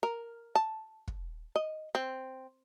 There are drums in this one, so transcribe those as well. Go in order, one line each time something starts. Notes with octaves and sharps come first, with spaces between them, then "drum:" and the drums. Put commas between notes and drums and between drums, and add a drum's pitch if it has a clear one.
A#4
A5
drum: kick
D#5
C4